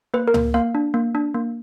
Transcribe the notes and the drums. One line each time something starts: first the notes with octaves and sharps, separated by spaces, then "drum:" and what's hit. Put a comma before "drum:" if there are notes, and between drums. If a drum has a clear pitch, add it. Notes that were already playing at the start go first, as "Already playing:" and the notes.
A#3 B4
A#4
A#3, drum: tom C#2
A#3 F5
D4
A#3
D4
A#3